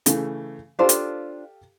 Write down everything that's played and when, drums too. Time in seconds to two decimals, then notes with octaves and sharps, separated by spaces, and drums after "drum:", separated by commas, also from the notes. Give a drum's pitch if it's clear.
0.06 C#3 E3 A3, drum: hi-hat
0.79 D4 F4 G4 A4 C5 F5
0.89 drum: hi-hat